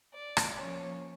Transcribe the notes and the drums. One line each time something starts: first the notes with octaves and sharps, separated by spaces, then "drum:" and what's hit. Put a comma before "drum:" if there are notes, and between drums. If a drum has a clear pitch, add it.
D5
drum: rim click
F3 A#3 C#4 C#5